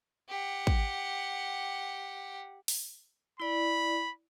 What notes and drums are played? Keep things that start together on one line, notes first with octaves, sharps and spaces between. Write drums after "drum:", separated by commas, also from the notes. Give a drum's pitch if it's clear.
G4 F#5
drum: kick
drum: open hi-hat
E4 D5 B5